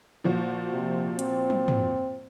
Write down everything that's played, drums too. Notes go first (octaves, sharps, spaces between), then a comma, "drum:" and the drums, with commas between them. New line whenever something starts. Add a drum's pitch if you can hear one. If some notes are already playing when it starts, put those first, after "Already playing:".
A#2 F3 F#4
C3
C4, drum: hi-hat
drum: tom
drum: tom